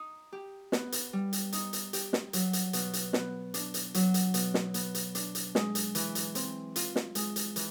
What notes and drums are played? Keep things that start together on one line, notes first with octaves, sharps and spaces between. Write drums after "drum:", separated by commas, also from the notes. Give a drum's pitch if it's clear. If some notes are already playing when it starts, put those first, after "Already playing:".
Already playing: D#4
G4
B3, drum: snare
drum: hi-hat
G3
drum: hi-hat
D#4, drum: hi-hat
drum: hi-hat
G4, drum: hi-hat
drum: snare
F#3, drum: hi-hat
drum: hi-hat
B2, drum: hi-hat
drum: hi-hat
B3, drum: snare
D4, drum: hi-hat
drum: hi-hat
F#3, drum: hi-hat
drum: hi-hat
B2, drum: hi-hat
drum: snare
B3, drum: hi-hat
drum: hi-hat
D4, drum: hi-hat
drum: hi-hat
G#3, drum: snare
drum: hi-hat
E3, drum: hi-hat
drum: hi-hat
C4, drum: hi-hat
F4, drum: hi-hat
drum: snare
G#3, drum: hi-hat
drum: hi-hat
E3, drum: hi-hat